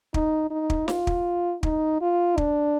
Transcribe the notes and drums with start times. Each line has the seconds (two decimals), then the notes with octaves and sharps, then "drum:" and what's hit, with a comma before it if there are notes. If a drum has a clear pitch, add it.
0.14 D#4, drum: kick
0.51 D#4
0.70 drum: kick
0.88 F4, drum: snare
1.07 drum: kick
1.63 D#4, drum: kick
2.01 F4
2.38 D4, drum: kick